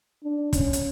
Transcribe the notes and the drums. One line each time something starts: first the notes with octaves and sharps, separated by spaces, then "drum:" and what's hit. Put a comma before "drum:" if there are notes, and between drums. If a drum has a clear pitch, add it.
D4
C#4, drum: kick, hi-hat
drum: hi-hat